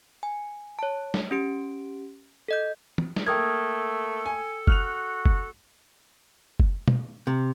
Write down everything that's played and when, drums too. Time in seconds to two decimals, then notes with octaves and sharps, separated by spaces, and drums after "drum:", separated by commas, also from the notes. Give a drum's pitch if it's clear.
0.23 G#5
0.79 C#5 A5
1.14 drum: snare
1.31 C#4 G4 D7
2.48 A4 D#5 G6
2.98 drum: tom
3.16 drum: snare
3.27 A3 A#3 A4 A#4 G5 D#6 G#6
4.26 G#5
4.67 F#4 F6 F#6 F7, drum: kick F#1
5.26 drum: kick F#1
6.60 drum: kick F#1
6.88 drum: tom
7.27 C3